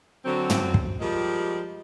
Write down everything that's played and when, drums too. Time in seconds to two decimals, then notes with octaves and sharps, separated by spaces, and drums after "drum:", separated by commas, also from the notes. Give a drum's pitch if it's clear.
0.25 D3 F#3 C4
0.50 drum: tom
0.74 drum: kick
1.00 F3 G3 G#3 F4 G4 A#4